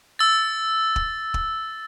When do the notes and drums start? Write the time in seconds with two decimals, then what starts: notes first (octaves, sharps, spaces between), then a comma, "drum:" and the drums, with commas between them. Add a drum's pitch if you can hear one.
0.19 E6 A6
0.96 drum: kick
1.34 drum: kick